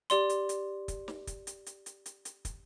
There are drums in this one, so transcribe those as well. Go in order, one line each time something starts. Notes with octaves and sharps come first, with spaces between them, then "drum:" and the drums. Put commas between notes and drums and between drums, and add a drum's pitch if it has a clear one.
G4 D5 C6, drum: hi-hat
drum: hi-hat
drum: hi-hat
drum: kick, hi-hat
drum: snare
drum: kick, hi-hat
drum: hi-hat
drum: hi-hat
drum: hi-hat
drum: hi-hat
drum: hi-hat
drum: kick, hi-hat